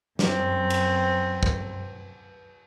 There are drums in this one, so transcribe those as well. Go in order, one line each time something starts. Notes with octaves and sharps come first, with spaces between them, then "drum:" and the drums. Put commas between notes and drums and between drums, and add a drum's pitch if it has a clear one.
F#2 C4, drum: snare
drum: cymbal
drum: kick